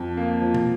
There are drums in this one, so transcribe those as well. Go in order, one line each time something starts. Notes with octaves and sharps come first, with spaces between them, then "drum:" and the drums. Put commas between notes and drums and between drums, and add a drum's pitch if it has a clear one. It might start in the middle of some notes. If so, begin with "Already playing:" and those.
Already playing: F2
A#3
F3
drum: tom